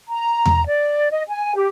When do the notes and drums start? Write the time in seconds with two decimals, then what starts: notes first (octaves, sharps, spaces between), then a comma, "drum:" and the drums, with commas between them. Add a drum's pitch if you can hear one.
0.09 A#5
0.46 drum: tom E2
0.66 D5
1.10 D#5
1.28 G#5
1.55 G4